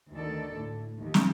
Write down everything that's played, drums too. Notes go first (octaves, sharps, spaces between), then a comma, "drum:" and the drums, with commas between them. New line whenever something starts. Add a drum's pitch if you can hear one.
D2 D#3 A4 D5
A2
D#2 F3
drum: snare